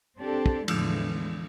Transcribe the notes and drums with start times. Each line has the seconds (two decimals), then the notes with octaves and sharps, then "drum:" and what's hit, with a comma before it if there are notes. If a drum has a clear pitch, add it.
0.20 C4 D4 G4 A4
0.46 drum: kick
0.68 E2 A2 D3 E3 F3 G#3, drum: cymbal